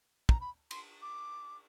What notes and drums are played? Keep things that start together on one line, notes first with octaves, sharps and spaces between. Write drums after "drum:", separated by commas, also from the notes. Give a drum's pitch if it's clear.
A#5, drum: kick
B5
C6, drum: cymbal
D6